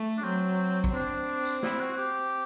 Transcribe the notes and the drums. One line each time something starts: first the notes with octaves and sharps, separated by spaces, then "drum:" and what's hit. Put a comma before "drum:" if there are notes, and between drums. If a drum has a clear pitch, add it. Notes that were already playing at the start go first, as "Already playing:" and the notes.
Already playing: A3
D4
F#3 C4
drum: kick A1
C4 D4
drum: tambourine
E4, drum: snare
F#4
G4